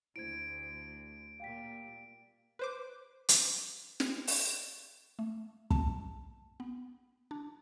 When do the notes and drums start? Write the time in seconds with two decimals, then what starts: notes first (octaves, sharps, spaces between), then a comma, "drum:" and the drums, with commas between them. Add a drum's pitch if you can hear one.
0.16 D2 E4 C5 G#6 D7
1.40 A#2 G3 F5 G5 B6
2.59 B4 C5 D6
3.29 drum: hi-hat
4.00 drum: snare
4.27 drum: open hi-hat
5.19 A3
5.71 A5, drum: kick
6.60 B3
7.31 D4